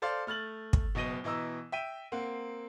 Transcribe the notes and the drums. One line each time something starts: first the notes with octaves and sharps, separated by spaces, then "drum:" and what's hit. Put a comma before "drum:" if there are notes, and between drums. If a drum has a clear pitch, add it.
A4 C5 D5 F5
A3 F6 A6 F#7
drum: kick
F#1 B2 D#5 A#6 D#7 G7
B2 E3 D#5 A#5 E6
E5 G5 D#7
A#3 C4 F#5